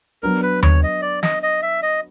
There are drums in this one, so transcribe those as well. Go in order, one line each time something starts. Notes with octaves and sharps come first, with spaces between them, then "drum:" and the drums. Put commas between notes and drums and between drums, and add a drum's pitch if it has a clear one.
F#3 B3 D4 A#4
B4
C#5, drum: tom D#2
D#5
D5
D#5, drum: snare
D#5
E5
D#5